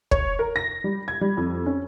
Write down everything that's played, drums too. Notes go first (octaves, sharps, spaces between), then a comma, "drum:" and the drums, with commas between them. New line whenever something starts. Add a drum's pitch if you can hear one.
C#5, drum: kick
A#4
A#6
G3
G#6
G3
F2
C#4